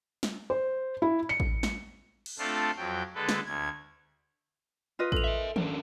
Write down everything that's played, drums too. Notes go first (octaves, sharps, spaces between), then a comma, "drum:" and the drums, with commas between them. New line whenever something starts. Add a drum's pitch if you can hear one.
drum: snare
C5
E4
C#7
drum: kick A1
drum: snare
drum: cymbal
A3 C4 D4 F4 A4
F2 F#3 G5
D3 G#3 A4 B4
drum: snare
D2 G#6
F4 B4 D#5
A4 F7, drum: kick A1
A#4 E5
C#4 D4 A#4, drum: tom D#3